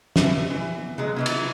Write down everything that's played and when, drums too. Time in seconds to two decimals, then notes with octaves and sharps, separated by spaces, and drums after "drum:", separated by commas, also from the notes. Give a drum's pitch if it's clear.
0.16 E5, drum: snare
0.50 E3
0.77 B3
0.98 C3 F#3 G#3 G#4
1.16 D#3 E3 F#3 G#6
1.26 drum: cymbal